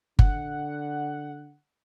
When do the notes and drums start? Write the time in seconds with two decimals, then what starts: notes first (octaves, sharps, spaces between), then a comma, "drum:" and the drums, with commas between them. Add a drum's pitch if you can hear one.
0.19 D3 F#5, drum: kick G1